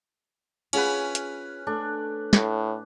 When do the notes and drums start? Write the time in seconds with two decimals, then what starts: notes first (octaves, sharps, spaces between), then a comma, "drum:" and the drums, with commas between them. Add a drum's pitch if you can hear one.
0.73 C#4 F4 G#4 B4 F#5, drum: cymbal
1.15 drum: hi-hat
1.67 A3 D4 A4
2.33 A2, drum: snare